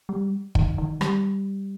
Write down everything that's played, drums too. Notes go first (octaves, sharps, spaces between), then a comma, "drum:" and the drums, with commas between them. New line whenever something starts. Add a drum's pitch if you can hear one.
G3
D#3, drum: kick
D#3
G3, drum: rim click